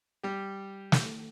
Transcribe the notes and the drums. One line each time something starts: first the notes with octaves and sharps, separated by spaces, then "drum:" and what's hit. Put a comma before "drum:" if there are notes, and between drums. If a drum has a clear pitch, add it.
G3 G4
drum: snare